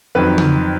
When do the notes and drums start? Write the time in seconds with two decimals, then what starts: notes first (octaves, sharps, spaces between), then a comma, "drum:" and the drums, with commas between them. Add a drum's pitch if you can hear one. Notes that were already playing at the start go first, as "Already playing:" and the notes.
0.15 F2 D#3 F#3 B4
0.38 drum: tom C#3